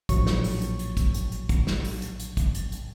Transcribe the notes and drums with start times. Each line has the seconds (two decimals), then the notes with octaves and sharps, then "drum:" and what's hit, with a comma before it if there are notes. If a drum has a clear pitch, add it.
0.09 A#1 A2 F#3 C#6, drum: kick, hi-hat
0.27 drum: snare
0.44 drum: open hi-hat
0.62 drum: hi-hat
0.79 drum: hi-hat
0.97 drum: kick, hi-hat
1.14 drum: hi-hat
1.32 drum: hi-hat
1.49 drum: kick, hi-hat
1.67 drum: snare
1.84 drum: open hi-hat
2.02 drum: hi-hat
2.20 drum: hi-hat
2.37 drum: kick, hi-hat
2.55 drum: hi-hat
2.72 drum: hi-hat